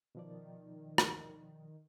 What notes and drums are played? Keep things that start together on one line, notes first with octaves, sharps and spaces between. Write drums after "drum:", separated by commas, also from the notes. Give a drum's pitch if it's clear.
B2 D#3 F3 D5
drum: rim click